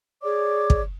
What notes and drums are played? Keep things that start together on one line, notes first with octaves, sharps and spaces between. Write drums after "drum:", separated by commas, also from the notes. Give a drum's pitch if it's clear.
G#4 C#5 D5 D6
drum: kick